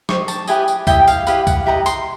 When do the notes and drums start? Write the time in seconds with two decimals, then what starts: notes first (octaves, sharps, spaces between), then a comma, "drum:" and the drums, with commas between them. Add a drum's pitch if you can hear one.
0.09 G4 C5 D#5 C#6, drum: snare
0.28 A5, drum: tambourine
0.48 E4 G4 B4 D#5 G#5, drum: tambourine
0.68 drum: tambourine
0.87 E4 G4 B4 D#5 G5, drum: kick, tambourine
1.08 F5, drum: tambourine
1.27 E4 G4 B4 D#5 F5, drum: tambourine
1.47 F#5, drum: kick, tambourine
1.66 E4 G4 B4 D#5 A#5
1.86 C6, drum: tambourine